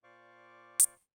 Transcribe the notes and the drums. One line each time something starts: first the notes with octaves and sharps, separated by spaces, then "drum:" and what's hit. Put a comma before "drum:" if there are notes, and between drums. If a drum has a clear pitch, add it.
A#2 C5 D5 F5 C#6 D6
drum: hi-hat